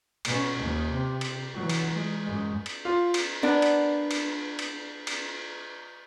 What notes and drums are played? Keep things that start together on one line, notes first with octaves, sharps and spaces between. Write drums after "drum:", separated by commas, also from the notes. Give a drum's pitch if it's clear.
B2 C#4, drum: cymbal
D#2
C3
drum: cymbal
E3 F#3
drum: cymbal
G#3
F#2 G#3
drum: cymbal
F4
drum: cymbal
B3 D4 A#4
drum: cymbal
drum: cymbal
drum: cymbal
drum: cymbal